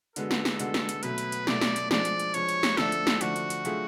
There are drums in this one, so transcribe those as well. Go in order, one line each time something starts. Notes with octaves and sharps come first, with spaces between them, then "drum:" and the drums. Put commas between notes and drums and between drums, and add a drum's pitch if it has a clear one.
D3 G#3 B3 F#4 A4, drum: hi-hat
drum: snare
drum: snare
D3 G#3 B3 F#4 A4, drum: hi-hat
drum: snare
drum: hi-hat
B2 F#3 A3 B4, drum: hi-hat
drum: hi-hat
drum: hi-hat
B2 F#3 A3 D5, drum: snare
drum: snare
drum: hi-hat
F3 G#3 D4 D5, drum: snare
drum: hi-hat
drum: hi-hat
F3 G#3 D4 C#5, drum: hi-hat
drum: hi-hat
drum: snare
D3 F3 A3 D4 A4, drum: snare
drum: hi-hat
drum: snare
D3 F3 A3 D4 F#4, drum: hi-hat
drum: hi-hat
drum: hi-hat
D3 F#3 A3 F4 G#4, drum: hi-hat